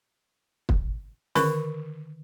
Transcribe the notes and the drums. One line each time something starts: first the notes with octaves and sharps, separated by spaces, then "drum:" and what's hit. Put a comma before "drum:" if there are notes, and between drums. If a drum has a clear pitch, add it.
drum: kick
D3 D#3 A#4 C#6, drum: snare